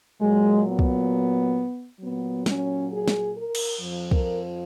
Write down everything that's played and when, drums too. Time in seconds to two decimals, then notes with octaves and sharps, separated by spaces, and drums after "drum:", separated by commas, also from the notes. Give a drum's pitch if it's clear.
0.21 A#2 F#3 G#3
0.67 B3
0.79 drum: kick
2.00 A#2 F#3 B3
2.46 C#4, drum: snare
2.92 G#4
3.08 drum: snare
3.36 A#4
3.55 drum: cymbal
3.81 F2 F3
4.11 A#4, drum: kick